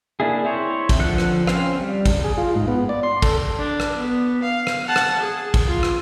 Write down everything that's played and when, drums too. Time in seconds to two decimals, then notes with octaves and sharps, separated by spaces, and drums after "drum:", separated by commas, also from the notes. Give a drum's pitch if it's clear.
0.20 A#3 D4 E4 G#4
0.44 C4 E4 C5 C#5
0.89 drum: kick A1, cymbal
0.99 D3 F3 F#5 F#6
1.18 drum: rim click
1.47 C4 C#4 C5 F5, drum: rim click
1.81 G3
2.06 drum: kick A1, cymbal
2.24 G#4
2.38 F4
2.55 G#2
2.68 B3
2.89 D5
3.03 C6
3.22 A4, drum: kick A1, cymbal
3.58 D4
3.80 drum: rim click
3.98 B3
4.43 F5
4.67 drum: rim click
4.86 F#5 A5
4.96 drum: rim click
5.20 G#4
5.54 drum: kick A1, cymbal
5.66 F4
5.83 drum: rim click